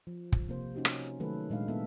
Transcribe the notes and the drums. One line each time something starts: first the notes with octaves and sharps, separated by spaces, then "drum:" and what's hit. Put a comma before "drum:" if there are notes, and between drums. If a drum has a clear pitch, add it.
F3
drum: kick
C3 A#3 C5
C#4 D#4 F#4 G4
drum: rim click
D#3 F#3 A3 A4 B4
A#2 G#3 D4 F5
G#3 A#3 B3 D#4 A4 E5